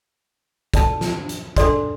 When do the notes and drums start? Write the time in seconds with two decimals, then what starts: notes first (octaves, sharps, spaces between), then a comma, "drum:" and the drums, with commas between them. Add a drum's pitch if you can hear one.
0.74 A4 D5 A5, drum: kick, hi-hat
1.01 drum: snare
1.29 drum: hi-hat
1.57 D4 A4 D5 C6, drum: kick, hi-hat